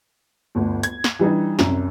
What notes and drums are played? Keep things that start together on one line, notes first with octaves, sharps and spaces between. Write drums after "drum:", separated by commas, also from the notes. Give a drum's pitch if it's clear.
G1 D2
G#6, drum: hi-hat
drum: snare
E3 G3 D4 D#4
C2 F#2, drum: snare